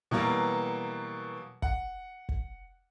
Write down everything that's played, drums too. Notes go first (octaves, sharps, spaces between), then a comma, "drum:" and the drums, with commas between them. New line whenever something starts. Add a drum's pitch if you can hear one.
B2 E3 F#3 G3 A#3
F#5, drum: kick
drum: kick